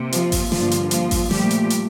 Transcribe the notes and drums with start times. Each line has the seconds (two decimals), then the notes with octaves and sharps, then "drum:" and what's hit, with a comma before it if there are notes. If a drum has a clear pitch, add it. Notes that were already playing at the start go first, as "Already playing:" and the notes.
Already playing: C3 A#3
0.12 F3 F4, drum: hi-hat
0.32 drum: kick G#1, open hi-hat
0.52 G2 D3 F3 G3 A#3 F4, drum: snare
0.71 drum: hi-hat
0.91 F3 F4, drum: hi-hat
1.11 drum: kick G#1, open hi-hat
1.31 A#2 F3 G3 A3 G4, drum: snare
1.51 drum: hi-hat
1.70 drum: hi-hat